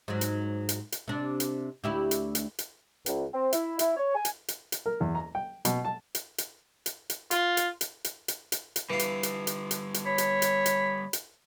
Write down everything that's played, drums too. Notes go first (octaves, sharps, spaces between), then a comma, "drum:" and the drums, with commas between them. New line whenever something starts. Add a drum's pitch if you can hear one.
G#2 F#3
drum: hi-hat
drum: hi-hat
drum: hi-hat
C3 D4
drum: hi-hat
D2 E4 G4
drum: hi-hat
drum: hi-hat
drum: hi-hat
C#2, drum: hi-hat
C4
E4, drum: hi-hat
E4, drum: hi-hat
C#5
G#5
drum: hi-hat
drum: hi-hat
drum: hi-hat
A#4
E2
A#5
G5
B2, drum: hi-hat
A5
drum: hi-hat
drum: hi-hat
drum: hi-hat
drum: hi-hat
F4, drum: hi-hat
drum: hi-hat
drum: hi-hat
drum: hi-hat
drum: hi-hat
drum: hi-hat
drum: hi-hat
D3 E3 G3 F5
drum: hi-hat
drum: hi-hat
drum: hi-hat
drum: hi-hat
drum: hi-hat
C#5 B5
drum: hi-hat
drum: hi-hat
drum: hi-hat
drum: hi-hat